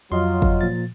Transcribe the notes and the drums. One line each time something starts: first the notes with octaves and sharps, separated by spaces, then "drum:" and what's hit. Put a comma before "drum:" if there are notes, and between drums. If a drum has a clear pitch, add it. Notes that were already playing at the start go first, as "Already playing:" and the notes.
F2 F#3 F4 D#5 F5 C6
drum: kick
A#2 F3 A6